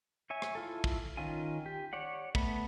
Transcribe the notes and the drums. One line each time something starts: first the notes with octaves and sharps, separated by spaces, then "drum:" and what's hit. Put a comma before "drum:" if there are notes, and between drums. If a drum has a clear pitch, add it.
C#5 E5 G#5
drum: rim click
E4 F4 A4
drum: kick
D#3 C#4 F4 G#5
G4
C#5 D5 F#5
A3 B3 B5, drum: kick